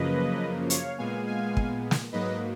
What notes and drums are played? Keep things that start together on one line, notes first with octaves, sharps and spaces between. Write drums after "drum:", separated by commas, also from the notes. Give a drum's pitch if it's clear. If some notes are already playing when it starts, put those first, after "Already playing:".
Already playing: F#2 C#3 F3 A#3 B4 D#5
C#5 F5, drum: hi-hat
A#2 G#3 B3 F5 G#5
F5 G#5
drum: kick
drum: snare
G#2 F#3 A#3 B4 D#5